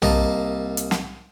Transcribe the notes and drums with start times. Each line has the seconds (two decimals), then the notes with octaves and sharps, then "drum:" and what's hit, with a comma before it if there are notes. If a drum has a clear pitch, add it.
0.02 C2 A#3 D#5 A5 A#5, drum: tom B1
0.77 drum: hi-hat
0.91 drum: snare